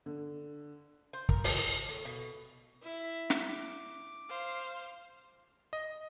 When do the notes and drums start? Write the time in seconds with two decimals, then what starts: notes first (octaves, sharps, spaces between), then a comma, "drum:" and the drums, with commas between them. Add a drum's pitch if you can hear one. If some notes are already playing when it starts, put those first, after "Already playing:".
0.06 D3
1.13 C5
1.29 A#4, drum: kick
1.44 drum: open hi-hat
1.89 A2
2.05 B2
2.82 E4 E5
3.30 drum: snare
3.49 D6
4.29 C5 F5
5.73 D#5